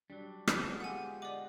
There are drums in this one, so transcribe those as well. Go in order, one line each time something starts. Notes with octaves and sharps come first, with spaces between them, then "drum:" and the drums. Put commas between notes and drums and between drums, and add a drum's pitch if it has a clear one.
F#3 G3 D4
drum: rim click
D3 B3 G#4
G#3 F4 G4 F#5 G#5
D5 D#5 F#5 D6